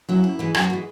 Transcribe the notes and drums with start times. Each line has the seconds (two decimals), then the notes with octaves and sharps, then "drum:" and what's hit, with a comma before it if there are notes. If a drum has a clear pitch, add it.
0.09 F#3 C#4 E4
0.24 F#2
0.39 E3 G#3
0.55 F#2 F#4, drum: rim click
0.70 E3 G#3